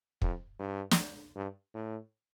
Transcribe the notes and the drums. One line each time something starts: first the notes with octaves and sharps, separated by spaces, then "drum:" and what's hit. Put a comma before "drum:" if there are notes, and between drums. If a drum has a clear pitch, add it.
F2, drum: kick
G2
drum: snare
G2
A2